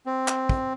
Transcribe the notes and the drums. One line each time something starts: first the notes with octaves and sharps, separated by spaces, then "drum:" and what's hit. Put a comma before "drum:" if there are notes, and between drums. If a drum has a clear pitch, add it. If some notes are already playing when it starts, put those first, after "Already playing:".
C4
drum: clap
drum: kick